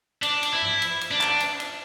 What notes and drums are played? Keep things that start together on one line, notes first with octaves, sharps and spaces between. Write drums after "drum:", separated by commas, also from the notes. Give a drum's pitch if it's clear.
D4, drum: cymbal
drum: cymbal
E4
drum: tom G2
drum: cymbal
drum: cymbal
D4
drum: clap
drum: cymbal
drum: cymbal